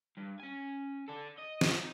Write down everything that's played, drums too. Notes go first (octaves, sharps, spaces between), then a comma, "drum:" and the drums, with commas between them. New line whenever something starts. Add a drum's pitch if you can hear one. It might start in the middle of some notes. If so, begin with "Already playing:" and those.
G2
C#4 G#5
A4 D5
D#5
drum: snare
D3 D#4